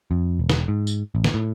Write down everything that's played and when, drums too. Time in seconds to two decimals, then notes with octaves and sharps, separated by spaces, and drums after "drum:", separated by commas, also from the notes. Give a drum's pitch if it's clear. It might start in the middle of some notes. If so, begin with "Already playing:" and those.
0.11 F2
0.39 E1
0.49 drum: snare
0.68 G#2
0.87 drum: tambourine
1.15 A1
1.24 drum: snare
1.34 A2